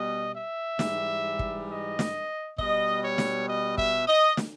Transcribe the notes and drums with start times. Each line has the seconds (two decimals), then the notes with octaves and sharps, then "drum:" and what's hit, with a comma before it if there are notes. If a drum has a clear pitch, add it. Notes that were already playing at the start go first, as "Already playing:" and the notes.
Already playing: B2 G3 D#5
0.35 E5
0.79 G#2 E3 G3, drum: snare
1.39 drum: kick
1.69 D#5
1.99 drum: snare
2.58 B2 G3 D#5, drum: kick
3.03 C#5
3.18 drum: snare
3.48 D#5
3.78 E5, drum: kick
4.08 D#5
4.37 drum: snare